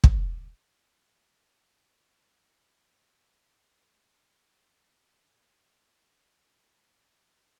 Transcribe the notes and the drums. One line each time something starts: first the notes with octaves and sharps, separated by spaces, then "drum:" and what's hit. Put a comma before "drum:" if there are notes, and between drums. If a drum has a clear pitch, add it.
drum: kick
A5
G2 A#2
B1 F2 A2
D3 B3 E5 D7 E7
D#1 D5 B6
C3 D#3 F#3 G#3 A#3 B3
C4 D#4 B4
D#2 F4
D2 B4 C5 C6
C5 B5 E6
A#2 D4 D#4 F4 E5 F5
D#4 C5 D5 D#5 A5 A#5
B1 F2 E3 D5